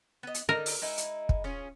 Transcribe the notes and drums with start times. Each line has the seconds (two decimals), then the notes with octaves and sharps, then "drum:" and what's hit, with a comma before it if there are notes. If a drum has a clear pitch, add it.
0.23 B3 D#5
0.34 drum: hi-hat
0.49 D3 D#4 A#4
0.66 drum: open hi-hat
0.82 G#3 D#4 E4
0.98 drum: hi-hat
1.29 drum: kick
1.44 C#4 F4 G#4